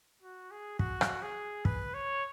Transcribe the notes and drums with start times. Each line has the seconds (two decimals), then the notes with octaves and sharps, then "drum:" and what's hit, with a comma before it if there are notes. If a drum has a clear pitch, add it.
0.22 F#4
0.51 G#4
0.79 F#4, drum: kick
1.01 drum: rim click
1.22 G#4
1.65 B4, drum: kick
1.94 C#5